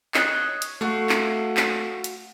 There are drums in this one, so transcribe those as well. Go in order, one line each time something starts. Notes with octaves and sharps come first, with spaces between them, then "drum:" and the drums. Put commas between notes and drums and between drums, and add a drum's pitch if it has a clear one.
C#5 D#5 F#6, drum: clap
drum: hi-hat
A3 F#4 F5
drum: clap
drum: clap
drum: hi-hat